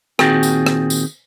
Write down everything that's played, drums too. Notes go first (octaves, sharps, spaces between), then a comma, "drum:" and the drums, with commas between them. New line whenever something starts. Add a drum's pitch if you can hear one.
A#2 D#3 C4 F#4 G#4 G5, drum: rim click
drum: tambourine
drum: rim click
drum: tambourine